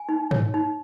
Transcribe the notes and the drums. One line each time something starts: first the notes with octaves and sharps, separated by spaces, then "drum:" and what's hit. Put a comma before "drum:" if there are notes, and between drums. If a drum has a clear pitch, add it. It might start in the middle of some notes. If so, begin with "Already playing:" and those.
Already playing: G#5
D#4
C#5, drum: tom
D#4